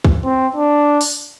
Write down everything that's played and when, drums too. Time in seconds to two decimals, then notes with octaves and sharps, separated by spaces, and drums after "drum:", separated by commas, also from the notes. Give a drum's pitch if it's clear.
0.04 drum: kick
0.25 C4
0.56 D4
1.01 drum: open hi-hat